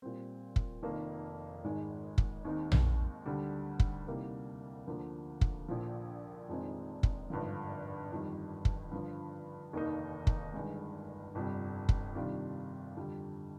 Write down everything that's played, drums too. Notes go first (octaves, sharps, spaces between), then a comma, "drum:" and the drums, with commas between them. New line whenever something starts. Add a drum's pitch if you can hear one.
A#2 G3 C4
drum: kick
F1 F2 D#3 A#3
G#1 G#2 D#3 G#3
drum: kick
D#2 D#3 G#3 C4 D#4
drum: tom A#1
D2 D3 G3
drum: kick
C2 C3 G3 A#3 D#4
D2 D3 F3 A#3
drum: kick
A#1 A#2 F3
F1 F2 D#3 G#3 C4
drum: kick
G#1 G2 D3 F3
G1 F2 D#3 G3
drum: kick
G2 D3 F3
F1 D#2 D#3 A#3 D#4
drum: kick
G1 G2 D#3 G#3
G1 F2 C3 G3
drum: kick
C3 D#3 G3 D4 F4
F2 D3 G3